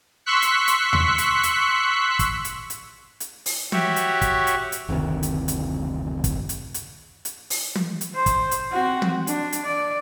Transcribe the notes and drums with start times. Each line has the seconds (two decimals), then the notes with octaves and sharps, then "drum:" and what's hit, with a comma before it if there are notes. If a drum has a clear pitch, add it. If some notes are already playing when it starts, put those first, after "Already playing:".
0.26 C6 C#6 E6 F#6 B6 C#7
0.42 drum: hi-hat
0.68 drum: hi-hat
0.93 drum: tom D#2
1.18 drum: hi-hat
1.43 drum: hi-hat
2.19 drum: kick, hi-hat
2.45 drum: hi-hat
2.70 drum: hi-hat
3.20 drum: hi-hat
3.46 drum: open hi-hat
3.72 F#4 G4 C#5 E5, drum: tom
3.96 drum: hi-hat
4.22 drum: kick, hi-hat
4.47 drum: hi-hat
4.72 drum: hi-hat
4.89 F#1 D2 C3 D#3
5.23 drum: hi-hat
5.48 drum: hi-hat
6.24 drum: kick, hi-hat
6.49 drum: hi-hat
6.74 drum: hi-hat
7.25 drum: hi-hat
7.50 drum: open hi-hat
7.75 drum: tom
8.01 drum: hi-hat
8.15 C5
8.26 drum: kick, hi-hat
8.51 drum: hi-hat
8.72 C4 F#4
9.02 drum: tom
9.27 D4, drum: hi-hat
9.52 drum: hi-hat
9.65 D5